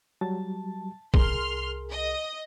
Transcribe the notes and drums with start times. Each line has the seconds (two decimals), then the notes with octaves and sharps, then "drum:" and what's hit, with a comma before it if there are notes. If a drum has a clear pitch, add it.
0.21 F#3 G3 A5
1.14 C2 G#4 A#4 C6 F6, drum: kick A#1
1.91 D#5